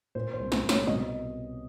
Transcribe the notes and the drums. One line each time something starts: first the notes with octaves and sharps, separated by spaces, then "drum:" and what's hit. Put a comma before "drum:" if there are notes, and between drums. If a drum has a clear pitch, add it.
A#2 C5
C5
C2
C5, drum: snare
C2
C#5, drum: snare
B2 D#5, drum: tom F#3